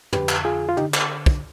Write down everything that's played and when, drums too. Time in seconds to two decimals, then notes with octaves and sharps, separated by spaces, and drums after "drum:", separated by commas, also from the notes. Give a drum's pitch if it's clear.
0.13 F2 D3 G4 B4, drum: tom
0.29 drum: clap
0.45 F4 G#4
0.69 F4
0.77 D#4 G4, drum: tom
0.81 D3
0.94 drum: clap
1.26 drum: kick